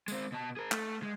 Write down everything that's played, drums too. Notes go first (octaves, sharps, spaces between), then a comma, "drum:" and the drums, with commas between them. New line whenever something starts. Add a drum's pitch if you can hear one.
G#3 C4, drum: tambourine
B2 A5
G#4 A#4
A3, drum: clap
G#3